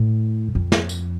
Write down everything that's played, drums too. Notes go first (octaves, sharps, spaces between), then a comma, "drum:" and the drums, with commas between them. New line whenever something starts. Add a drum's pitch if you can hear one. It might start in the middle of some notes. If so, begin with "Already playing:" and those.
Already playing: A2
F2
drum: snare
drum: tambourine